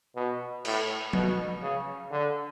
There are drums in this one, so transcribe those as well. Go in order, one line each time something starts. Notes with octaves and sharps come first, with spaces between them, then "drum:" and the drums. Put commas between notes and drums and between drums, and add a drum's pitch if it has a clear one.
B2
A2, drum: cymbal
B2, drum: tom F3
C#3
D3